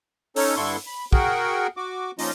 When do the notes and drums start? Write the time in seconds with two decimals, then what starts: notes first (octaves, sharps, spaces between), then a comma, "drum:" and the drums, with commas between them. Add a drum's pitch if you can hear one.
0.36 C#4 D#4 A4 C#5, drum: open hi-hat
0.56 G2 D3 E4 A4 C6 C#6
0.87 B5
1.13 F#4 G#4 A#4 F#5 G5, drum: kick
1.77 F#4 D6
2.19 F3 A#3 C#4 D#4 F4 D#5, drum: open hi-hat